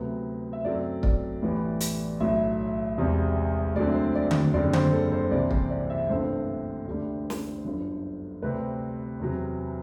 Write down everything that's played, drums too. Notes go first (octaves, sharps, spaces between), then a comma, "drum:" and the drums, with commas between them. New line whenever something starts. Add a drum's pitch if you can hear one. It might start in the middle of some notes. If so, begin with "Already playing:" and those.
Already playing: D2 C3 F#3 B3
E5
F#2 F#3 A3 C4 D5
D5, drum: kick
A1 A2 E3 G3 B3
drum: hi-hat
B1 A2 F#3 E5
E1 E2 C3 G3
D2 D3 F#3 C4 D5
C5
D5
drum: tom D3
F#1 F#2 D3 G3 C4 D5
C5, drum: tom D3
A4
C5
C2 C3 E3 D5
C5, drum: kick
D5
E5
G1 G2 D3 A3 C4 C5
D2 D3 G3
drum: snare
G1 F#2 D3
D2 C3 G3 C4 B4
E2 C3 F#3